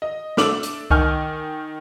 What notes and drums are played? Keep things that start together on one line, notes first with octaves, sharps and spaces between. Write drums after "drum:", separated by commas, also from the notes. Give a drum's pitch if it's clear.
D#5
A3 D4 D6 E6 F#7, drum: snare
drum: hi-hat
D#3 D#4 G#5 C#6 F6 G6, drum: kick C2